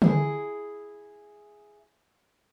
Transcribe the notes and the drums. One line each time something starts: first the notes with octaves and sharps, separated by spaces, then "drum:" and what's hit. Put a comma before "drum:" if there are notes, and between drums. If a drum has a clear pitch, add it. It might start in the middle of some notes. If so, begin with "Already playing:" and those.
E4 G#4, drum: tom D3